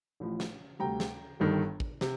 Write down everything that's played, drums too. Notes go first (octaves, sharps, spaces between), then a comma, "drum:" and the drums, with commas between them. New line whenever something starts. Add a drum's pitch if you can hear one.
A1 A2 F3
drum: snare
D2 C3 G3 G5 A#5
drum: snare
G1 G2 D#3
drum: kick
C3, drum: snare